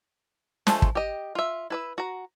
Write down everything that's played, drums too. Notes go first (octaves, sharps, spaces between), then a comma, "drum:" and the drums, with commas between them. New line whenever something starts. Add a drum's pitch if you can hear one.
F3 G#3 A3, drum: snare
drum: kick
G4 D#5
F4 E5
E4 B4 E5
F#4 A#5